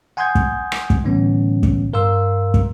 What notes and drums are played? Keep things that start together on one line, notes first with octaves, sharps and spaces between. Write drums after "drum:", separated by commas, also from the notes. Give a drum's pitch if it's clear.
F#5 G#5 C6 D#6 G6 G#6
drum: kick
drum: rim click
drum: kick
A2 D3 E3 G3 B3 C#4
drum: kick
G2 A#4 F5 C6 E6
drum: kick